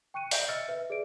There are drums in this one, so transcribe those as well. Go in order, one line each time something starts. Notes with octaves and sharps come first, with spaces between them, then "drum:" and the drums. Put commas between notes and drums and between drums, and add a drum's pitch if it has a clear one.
G5 C#6 F#6 C#7 D#7
D5 E5 G6 D7 F#7, drum: open hi-hat
D#5 E5 E6 F6 A6 C#7
B4 E5
G#4 D5 D7